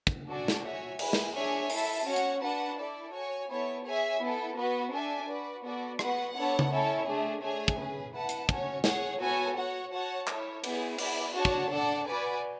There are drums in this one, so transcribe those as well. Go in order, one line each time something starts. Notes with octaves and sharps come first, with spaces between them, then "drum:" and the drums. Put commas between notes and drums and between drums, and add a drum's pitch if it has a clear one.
drum: kick
D4 F#4 A4 D5 G#5
drum: snare
F#4 C#5 E5 G#5
E4 G#4 B4, drum: cymbal
drum: snare
D4 G#4 C#5 E5 G#5
E4 A4 E5 A5, drum: open hi-hat
C#4 F#4 C#5 F#5
drum: hi-hat
D4 F#4 B4 F#5 A5
E4 A4 D5
F#4 C#5 G#5
B3 E4 A4 C#5
G#4 C#5 E5 G#5
B3 E4 A4
B3 F#4 B4
D4 A4 E5 G#5
F#4 B4 D5
B3 F#4 A4 D5
B3 F#4 B4 F#5, drum: rim click
B3 D4 A4 C#5 F#5
drum: tom C#3
C#4 E4 A4 C#5
A3 D4 G#4
A3 D4 G#4 C#5 G#5
drum: kick
C#4 G#4 B4
E4 B4 F#5 A5
drum: hi-hat
C#4 F#4 C#5, drum: kick
G#4 C#5 F#5, drum: snare
B3 F#4 A4 C#5 G#5
F#4 C#5 F#5
F#4 C#5 F#5 A5
E4 A4 C#5, drum: clap
B3 E4 G#4, drum: cymbal
B3 E4 G#4 D5, drum: cymbal
D4 F#4 C#5 F#5 A5
drum: kick
D4 A4 D5 F#5
F#4 B4 D5 G#5